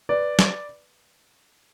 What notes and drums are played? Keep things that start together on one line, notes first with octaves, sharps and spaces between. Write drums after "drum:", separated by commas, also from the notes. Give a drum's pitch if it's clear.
B4 D5
drum: snare